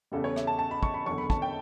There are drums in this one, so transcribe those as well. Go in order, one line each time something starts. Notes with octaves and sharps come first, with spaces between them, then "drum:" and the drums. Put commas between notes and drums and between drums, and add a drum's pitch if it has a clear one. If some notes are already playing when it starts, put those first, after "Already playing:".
E2 C#3 G3 A4
C#5
E5, drum: rim click
A5
A5
B5
C#6, drum: kick
B5
F#1 E2 D3 C#6
B5
A5, drum: kick
G5